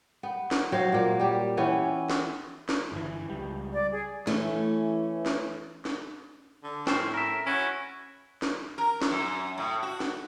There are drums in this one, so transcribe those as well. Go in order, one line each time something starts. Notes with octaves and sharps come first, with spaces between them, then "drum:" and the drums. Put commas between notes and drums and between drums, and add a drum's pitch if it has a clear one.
B3
drum: snare
F#3 C5 F5
A#2 A#3
G3 G4
E3 B3 C#4
drum: snare
drum: snare
G1 E3
C#2 G3
D5
G#4
E3 A3 C#4, drum: snare
drum: snare
drum: snare
D3
A2 C4 C#4 C5, drum: snare
A#4 E5
C#4 E4 F#4
drum: snare
A#4
drum: snare
F#2
A2
F#4
drum: snare